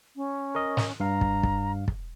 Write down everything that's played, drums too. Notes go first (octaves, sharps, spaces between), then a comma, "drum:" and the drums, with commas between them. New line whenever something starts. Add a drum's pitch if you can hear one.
C#4
A#4 D#5
drum: snare
G2 F5 A#5
drum: kick
drum: kick
drum: kick